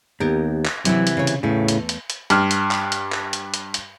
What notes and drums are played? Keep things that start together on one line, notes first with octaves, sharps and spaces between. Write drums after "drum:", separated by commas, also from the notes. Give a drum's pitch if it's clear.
D#2 B3 G4 A#4
drum: clap
C3 E3 F#3 E4, drum: hi-hat
drum: hi-hat
C#3 C#5
drum: hi-hat
E2 A2 C#3 A3
drum: hi-hat
drum: hi-hat
drum: hi-hat
G2 F6, drum: hi-hat
drum: hi-hat
drum: clap
drum: hi-hat
drum: clap
drum: hi-hat
drum: hi-hat
drum: hi-hat